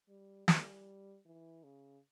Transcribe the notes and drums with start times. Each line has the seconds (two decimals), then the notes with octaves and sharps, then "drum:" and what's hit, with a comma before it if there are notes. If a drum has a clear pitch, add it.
0.09 G3
0.48 G3, drum: snare
1.26 E3
1.64 C#3